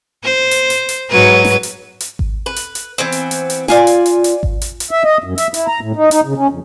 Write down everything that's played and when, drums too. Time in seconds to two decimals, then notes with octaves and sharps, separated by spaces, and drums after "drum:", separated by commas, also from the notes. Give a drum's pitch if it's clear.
0.24 C5
0.51 drum: hi-hat
0.70 drum: hi-hat
0.89 drum: hi-hat
1.10 G#2 F#3 B4
1.45 drum: snare
1.63 drum: hi-hat
2.00 drum: hi-hat
2.19 drum: kick G#1
2.46 B4
2.56 drum: hi-hat
2.75 drum: hi-hat
2.98 E3 B3 C4
3.12 drum: hi-hat
3.31 drum: hi-hat
3.50 drum: hi-hat
3.68 F4 D5 F5 G#5, drum: snare
3.87 drum: hi-hat
4.06 drum: hi-hat
4.24 drum: hi-hat
4.43 drum: kick G#1
4.62 drum: hi-hat
4.80 drum: hi-hat
4.91 E5
5.04 D#5
5.24 F#2
5.38 E5, drum: hi-hat
5.54 E4, drum: hi-hat
5.67 A#5
5.81 A2
5.96 D#4
6.11 D#4, drum: hi-hat
6.25 C#3
6.37 C#4
6.50 F2